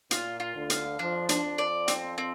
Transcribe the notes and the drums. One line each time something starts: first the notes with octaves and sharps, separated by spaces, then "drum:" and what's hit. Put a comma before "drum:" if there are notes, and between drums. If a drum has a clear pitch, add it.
A#2 F4, drum: hi-hat
F4
D2 D3
F5, drum: hi-hat
F2 F3 D4
D4, drum: hi-hat
F2 F3
D5
C4, drum: hi-hat
C4